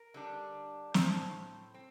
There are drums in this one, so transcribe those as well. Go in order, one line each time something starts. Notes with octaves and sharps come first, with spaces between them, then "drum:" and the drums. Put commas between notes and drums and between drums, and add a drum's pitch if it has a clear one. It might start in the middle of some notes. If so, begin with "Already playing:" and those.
Already playing: A#4
D3 G3 D4
A2 A3 C4 C5, drum: snare
C4